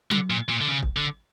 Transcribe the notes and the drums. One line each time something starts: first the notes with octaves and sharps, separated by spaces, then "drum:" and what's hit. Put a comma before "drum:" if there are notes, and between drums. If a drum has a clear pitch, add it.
D3, drum: tom F#3
A#2
A#2
D3
C#3
drum: kick
D3